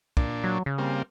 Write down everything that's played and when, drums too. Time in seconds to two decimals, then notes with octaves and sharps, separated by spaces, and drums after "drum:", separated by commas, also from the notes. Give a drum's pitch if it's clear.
0.17 A#2 D4, drum: kick
0.44 F#3
0.66 C#3
0.78 G3 A#3 C4